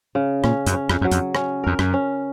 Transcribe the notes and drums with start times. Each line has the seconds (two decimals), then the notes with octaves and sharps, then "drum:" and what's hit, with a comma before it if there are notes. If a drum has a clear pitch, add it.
0.15 C#3
0.44 A#2 C#4, drum: rim click
0.67 F#2, drum: hi-hat
0.74 C#4
0.89 F2, drum: rim click
1.01 F#2 F#3
1.11 F2, drum: hi-hat
1.35 C#4, drum: rim click
1.64 F2 A#4
1.79 F#2, drum: rim click
1.93 C#4